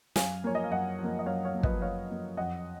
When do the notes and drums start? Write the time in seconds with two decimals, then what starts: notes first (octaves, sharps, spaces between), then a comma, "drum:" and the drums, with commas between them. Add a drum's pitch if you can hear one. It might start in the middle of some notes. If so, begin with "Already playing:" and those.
0.16 F#2 F5 G#5, drum: snare
0.44 F3 A#3 C#5
0.55 D#5
0.64 F5
0.71 F#2 D#5 F#5
0.98 F3
1.04 A#3
1.19 D#5
1.26 F#2 C#5 F5
1.45 C#5 F5
1.54 F3 A#3
1.63 B4 D#5, drum: kick
1.82 F#2 C#5 F5
2.10 F3 A#3
2.37 F2 D#5 F#5